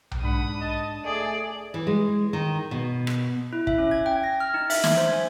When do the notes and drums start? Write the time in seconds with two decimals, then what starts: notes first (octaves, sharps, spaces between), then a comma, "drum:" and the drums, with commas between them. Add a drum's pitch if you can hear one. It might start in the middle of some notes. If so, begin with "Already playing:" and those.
0.11 drum: tom B1
0.24 G#2 D4 F#5 B5 D#6
0.60 D#5 A5
1.05 A3 G#4 D5
1.74 E3
1.87 G#3
2.33 D#3
2.71 B2
3.07 drum: rim click
3.53 E4
3.67 E5, drum: kick
3.78 C#4
3.91 G#6
4.06 G5
4.24 A#6
4.40 F6
4.54 D#4
4.70 E5, drum: open hi-hat
4.84 G#6, drum: snare
4.97 C5
5.13 G#5